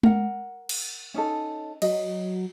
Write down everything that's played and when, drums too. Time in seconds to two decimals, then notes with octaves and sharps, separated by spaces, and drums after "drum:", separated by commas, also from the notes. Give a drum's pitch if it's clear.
0.03 A#4 F#5, drum: tom G#3
0.69 drum: cymbal
1.14 C#4 D#4 A4
1.82 F#3 D#5, drum: cymbal